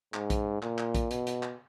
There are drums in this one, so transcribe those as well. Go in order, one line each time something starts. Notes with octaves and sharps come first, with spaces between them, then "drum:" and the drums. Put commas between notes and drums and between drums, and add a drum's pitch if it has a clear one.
G#2, drum: clap
drum: kick A#1, hi-hat
A#2, drum: clap
drum: clap
drum: kick A#1, hi-hat
B2, drum: hi-hat
drum: hi-hat
drum: clap